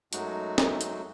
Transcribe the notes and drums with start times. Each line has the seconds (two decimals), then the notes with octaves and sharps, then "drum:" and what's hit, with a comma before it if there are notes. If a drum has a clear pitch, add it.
0.13 F#2 F#3 G#3 A3 D#4 F#4, drum: hi-hat
0.58 drum: snare
0.81 drum: hi-hat